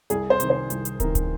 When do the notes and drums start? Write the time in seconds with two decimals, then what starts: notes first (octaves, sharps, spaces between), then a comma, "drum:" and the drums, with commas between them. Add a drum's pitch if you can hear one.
0.10 C2 G#4, drum: hi-hat
0.30 C5
0.40 C3 D#3, drum: hi-hat
0.50 C5
0.70 C2, drum: hi-hat
0.85 drum: hi-hat
1.00 C3 D#3 A#4, drum: kick, hi-hat
1.15 drum: kick, hi-hat